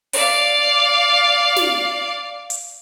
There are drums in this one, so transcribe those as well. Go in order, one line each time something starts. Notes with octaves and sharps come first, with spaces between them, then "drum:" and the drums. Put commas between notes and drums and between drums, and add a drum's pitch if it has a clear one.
D5 F5, drum: open hi-hat
drum: snare
drum: hi-hat